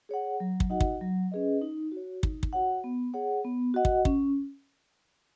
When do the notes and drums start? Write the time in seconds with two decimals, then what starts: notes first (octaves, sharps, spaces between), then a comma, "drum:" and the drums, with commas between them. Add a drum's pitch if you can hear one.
0.09 G#4 C#5 F#5
0.40 F#3
0.60 drum: kick
0.70 D#4 F#4 D#5 F#5
0.80 drum: kick
1.01 F#3
1.32 C#4 G#4 B4 D#5
1.62 D#4
1.92 F#4 C#5
2.23 D#4, drum: kick
2.43 drum: kick
2.53 F#4 C#5 F#5
2.84 B3
3.14 G#4 C#5 F#5
3.44 B3
3.74 F#4 D#5 F#5
3.85 drum: kick
4.05 C#4, drum: kick